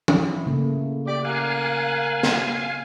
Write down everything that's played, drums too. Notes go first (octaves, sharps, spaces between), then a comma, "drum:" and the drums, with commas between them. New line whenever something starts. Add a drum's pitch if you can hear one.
drum: tom E3
E4
C#3 A3 A#3
G4 D5 D6
A#4 F5 F#5 G#5
drum: snare